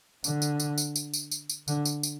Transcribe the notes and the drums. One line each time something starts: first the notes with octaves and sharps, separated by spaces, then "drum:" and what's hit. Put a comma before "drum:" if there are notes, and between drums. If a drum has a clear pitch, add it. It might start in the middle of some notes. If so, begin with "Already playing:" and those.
D3, drum: tambourine
drum: tambourine
drum: tambourine
drum: tambourine
drum: tambourine
drum: tambourine
drum: tambourine
drum: tambourine
D3, drum: tambourine
drum: tambourine
drum: tambourine